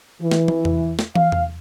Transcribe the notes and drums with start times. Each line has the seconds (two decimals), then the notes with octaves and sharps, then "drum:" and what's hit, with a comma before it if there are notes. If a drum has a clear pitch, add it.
0.21 E3
0.31 drum: snare
0.48 drum: tom
0.65 drum: tom E2
0.99 drum: snare
1.15 F5, drum: tom
1.32 drum: tom E2